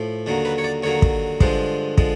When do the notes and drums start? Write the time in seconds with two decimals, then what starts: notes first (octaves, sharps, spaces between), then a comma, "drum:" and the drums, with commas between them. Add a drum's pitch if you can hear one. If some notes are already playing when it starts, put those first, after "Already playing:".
Already playing: A2 F3
0.26 D#2 D3 F#3 A#3
0.45 B4
0.58 C#5
0.64 D5
0.83 D#2 D3 F#3 A#3 C#5
1.02 drum: kick
1.40 G2 D3 F3 G#3 C5, drum: kick
1.98 D3 F3 G#3, drum: kick